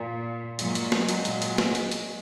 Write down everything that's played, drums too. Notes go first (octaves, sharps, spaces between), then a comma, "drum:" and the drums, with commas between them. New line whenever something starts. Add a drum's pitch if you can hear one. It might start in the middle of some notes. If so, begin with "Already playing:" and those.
Already playing: A#2
A#2 F#3 G#3, drum: hi-hat
drum: hi-hat
drum: snare
drum: hi-hat
A#2, drum: hi-hat
drum: hi-hat
drum: snare
drum: hi-hat
drum: hi-hat